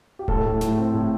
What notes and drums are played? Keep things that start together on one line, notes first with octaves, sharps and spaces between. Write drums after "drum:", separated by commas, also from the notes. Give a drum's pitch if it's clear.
G4
A2 A4, drum: kick D1
A2
A2, drum: snare
C4
A2